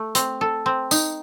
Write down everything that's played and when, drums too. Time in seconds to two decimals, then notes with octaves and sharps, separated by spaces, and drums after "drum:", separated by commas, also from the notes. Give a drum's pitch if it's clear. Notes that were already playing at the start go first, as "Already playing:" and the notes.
Already playing: A3
0.15 C4, drum: hi-hat
0.41 A4
0.66 C4
0.91 D#4, drum: tambourine